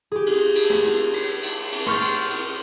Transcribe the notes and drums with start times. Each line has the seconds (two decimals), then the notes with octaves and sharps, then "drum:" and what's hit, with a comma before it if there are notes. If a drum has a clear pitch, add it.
0.12 G4 G#4
0.26 drum: cymbal
0.55 drum: cymbal
0.70 drum: snare
0.84 drum: cymbal
1.14 drum: cymbal
1.43 drum: cymbal
1.72 drum: cymbal
1.86 C6 C#6 F6 G6 A6, drum: snare
2.01 drum: cymbal
2.30 drum: cymbal